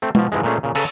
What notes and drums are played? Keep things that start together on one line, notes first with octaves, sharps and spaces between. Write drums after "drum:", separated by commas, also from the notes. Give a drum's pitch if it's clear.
A3 C4
B2 F3, drum: tom G#3
G#2 C3 E3 F3 G#3
A#2 G#3 A3 C#4 G#4
A#2 C#3
C#3 A4 B4 A#5, drum: cymbal